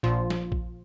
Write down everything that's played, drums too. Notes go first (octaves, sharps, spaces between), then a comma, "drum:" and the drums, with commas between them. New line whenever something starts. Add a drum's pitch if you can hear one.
A#1 A#2 F3 F4
drum: snare
drum: kick A#1